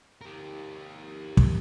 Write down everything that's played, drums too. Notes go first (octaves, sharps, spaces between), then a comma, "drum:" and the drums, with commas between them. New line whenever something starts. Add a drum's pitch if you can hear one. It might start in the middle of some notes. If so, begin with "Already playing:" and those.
G4 A#4
drum: kick